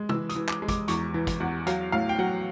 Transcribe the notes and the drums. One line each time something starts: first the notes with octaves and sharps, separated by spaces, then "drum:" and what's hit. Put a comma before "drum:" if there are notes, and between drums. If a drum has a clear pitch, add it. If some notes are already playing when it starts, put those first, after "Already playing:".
Already playing: G#3
E3 E6, drum: tom C3
D#6, drum: hi-hat
E3
D6, drum: clap
G#3
D6, drum: kick, hi-hat
E2 C#6, drum: hi-hat
E3
drum: kick, hi-hat
E2 F#5
F#3 F5, drum: hi-hat
A2 F5
G5
F#3 F#5